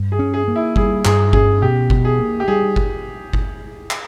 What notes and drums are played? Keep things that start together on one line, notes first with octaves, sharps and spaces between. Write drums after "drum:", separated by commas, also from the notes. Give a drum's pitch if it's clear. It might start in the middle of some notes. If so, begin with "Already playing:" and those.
Already playing: G2
G#4
C#4
G#4
A#3
E4
G3 G#4, drum: kick G1
G2 G#4, drum: clap
C#4 G#4, drum: kick G1
B2 G4
B2, drum: kick G1
G#4
A#3
G4
G3 G#4
drum: kick G1
drum: kick G1
drum: clap